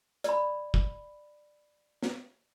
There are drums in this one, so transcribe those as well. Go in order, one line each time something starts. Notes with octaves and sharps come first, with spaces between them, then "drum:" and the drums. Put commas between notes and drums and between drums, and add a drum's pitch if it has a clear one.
D5 B5, drum: hi-hat
drum: kick
drum: snare